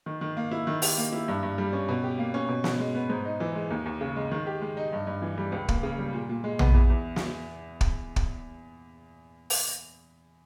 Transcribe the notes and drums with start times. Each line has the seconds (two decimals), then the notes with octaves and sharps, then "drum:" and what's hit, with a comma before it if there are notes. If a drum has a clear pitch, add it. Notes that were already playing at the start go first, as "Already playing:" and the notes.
0.06 D#3
0.21 D#3
0.37 A#3
0.51 E4
0.67 D#3
0.82 G4, drum: open hi-hat
0.97 A#3
1.13 E4
1.28 G2
1.43 G2
1.58 G3
1.73 C#4
1.89 B2
2.04 G4
2.19 A#3
2.34 C#4
2.48 B2
2.64 B2, drum: snare
2.79 G#3
2.95 B3
3.10 G#2
3.25 D#4
3.40 E3
3.55 G#3
3.70 D#2
3.86 D#2
4.01 C#3
4.16 G#3
4.31 D#3
4.47 G4
4.61 G#3
4.77 D#4
4.92 G2
5.07 G2
5.22 E3
5.38 G3
5.52 C#2
5.69 A#3, drum: kick
5.83 C#3
5.98 G3
6.13 A#2
6.29 A#2
6.44 G#3
6.59 B3, drum: tom A#1
6.74 E2
6.90 E2
7.16 drum: snare
7.81 drum: kick
8.16 drum: kick
9.50 drum: open hi-hat